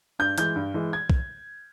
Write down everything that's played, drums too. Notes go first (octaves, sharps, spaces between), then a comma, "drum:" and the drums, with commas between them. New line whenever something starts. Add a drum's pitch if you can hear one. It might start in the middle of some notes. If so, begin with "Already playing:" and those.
G2 G6
E3 G#3 G6, drum: hi-hat
G2
E3 G#3
G#6
drum: kick B1